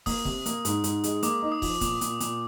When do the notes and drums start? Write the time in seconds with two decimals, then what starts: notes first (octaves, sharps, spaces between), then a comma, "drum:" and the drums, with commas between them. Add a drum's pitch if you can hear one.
0.06 A#3 D#6, drum: kick, open hi-hat
0.25 C3, drum: kick
0.46 A#3, drum: hi-hat
0.65 G#2, drum: hi-hat
0.84 G#2, drum: hi-hat
1.04 G#3, drum: hi-hat
1.23 A#3 D6, drum: hi-hat
1.42 D#4
1.52 D#6
1.62 F3, drum: kick, open hi-hat
1.81 A#2 D6, drum: kick, hi-hat
2.01 A#2, drum: hi-hat
2.20 A#2, drum: hi-hat